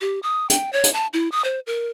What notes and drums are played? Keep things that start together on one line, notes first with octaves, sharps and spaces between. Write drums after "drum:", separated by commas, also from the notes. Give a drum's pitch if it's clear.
G4
D#6
G5, drum: hi-hat
C#5
drum: hi-hat
A5
E4
D#6
C5
A#4